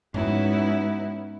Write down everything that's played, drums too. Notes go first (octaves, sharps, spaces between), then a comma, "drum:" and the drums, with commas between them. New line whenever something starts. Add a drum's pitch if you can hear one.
G#2 B3 C#4 D#4 E4 F#4, drum: tom G#2